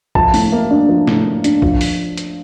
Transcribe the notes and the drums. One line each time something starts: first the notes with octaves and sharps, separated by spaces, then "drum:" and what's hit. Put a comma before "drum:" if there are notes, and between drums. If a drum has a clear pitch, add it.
F3 A5, drum: kick A#1
A2, drum: open hi-hat
A#3
D4
F3
A2, drum: snare
A#3
D4, drum: hi-hat
F3, drum: kick A#1
drum: open hi-hat
drum: hi-hat